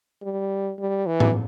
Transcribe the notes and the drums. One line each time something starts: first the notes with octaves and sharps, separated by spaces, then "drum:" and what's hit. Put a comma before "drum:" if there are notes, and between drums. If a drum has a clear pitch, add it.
G3
G3
E3
drum: tom